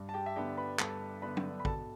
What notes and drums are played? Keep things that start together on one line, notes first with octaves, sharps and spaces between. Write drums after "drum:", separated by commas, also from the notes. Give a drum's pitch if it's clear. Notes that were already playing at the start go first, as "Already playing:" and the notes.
Already playing: G2
A5
G4 G5
E5
D3 B3 D4 G4 G5
B4 B5
G2 A4 A5, drum: clap
D3 B3 D4 B4 B5
drum: tom F#3
B5
B2 A4 A5, drum: kick